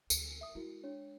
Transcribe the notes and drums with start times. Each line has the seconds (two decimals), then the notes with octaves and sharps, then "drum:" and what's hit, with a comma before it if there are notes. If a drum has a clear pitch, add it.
0.10 D2, drum: tambourine
0.41 E5 D#6
0.55 G#3 E4 F#4 A#4
0.84 D4 C#5